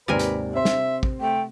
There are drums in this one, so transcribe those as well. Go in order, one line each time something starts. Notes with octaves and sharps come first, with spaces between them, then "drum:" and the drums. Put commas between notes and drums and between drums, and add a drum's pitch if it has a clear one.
G#1 D#2 C3 A#4 B4 D5 G#5
drum: hi-hat
C4 E5 C6
drum: snare
drum: kick A1
A3 G5